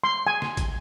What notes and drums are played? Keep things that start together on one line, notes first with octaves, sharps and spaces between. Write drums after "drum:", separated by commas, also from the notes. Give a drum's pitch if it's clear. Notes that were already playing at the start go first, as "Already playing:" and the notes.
C6
G#5
drum: snare
drum: kick, hi-hat